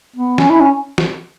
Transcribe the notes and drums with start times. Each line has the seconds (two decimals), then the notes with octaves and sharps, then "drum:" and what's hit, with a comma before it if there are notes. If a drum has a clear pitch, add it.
0.16 B3
0.38 C#4, drum: snare
0.50 E4
0.61 C#4
0.98 drum: snare